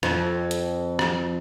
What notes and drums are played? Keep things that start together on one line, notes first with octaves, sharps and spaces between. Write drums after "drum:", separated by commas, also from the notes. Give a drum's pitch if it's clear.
F2, drum: rim click
drum: hi-hat
drum: rim click